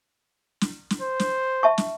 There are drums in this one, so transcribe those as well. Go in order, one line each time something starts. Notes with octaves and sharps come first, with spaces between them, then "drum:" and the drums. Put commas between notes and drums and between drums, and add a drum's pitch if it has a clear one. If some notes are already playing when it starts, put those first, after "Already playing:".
drum: snare
drum: snare
C5
drum: snare
E5 A5 C#6
drum: snare